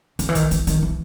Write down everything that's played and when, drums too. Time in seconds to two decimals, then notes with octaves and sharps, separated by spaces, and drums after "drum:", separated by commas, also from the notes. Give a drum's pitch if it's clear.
0.19 C#3, drum: hi-hat
0.29 E3
0.35 D#3, drum: kick, hi-hat
0.51 E3, drum: hi-hat
0.67 D#3, drum: hi-hat
0.82 E3